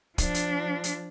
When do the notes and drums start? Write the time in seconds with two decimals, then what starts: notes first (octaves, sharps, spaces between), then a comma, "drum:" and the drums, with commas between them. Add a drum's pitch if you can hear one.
0.18 F3 D4, drum: kick, hi-hat
0.34 drum: hi-hat
0.84 drum: hi-hat